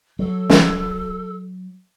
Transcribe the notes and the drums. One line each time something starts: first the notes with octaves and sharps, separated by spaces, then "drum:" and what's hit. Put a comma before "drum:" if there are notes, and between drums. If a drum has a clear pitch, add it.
F#3 A4
drum: snare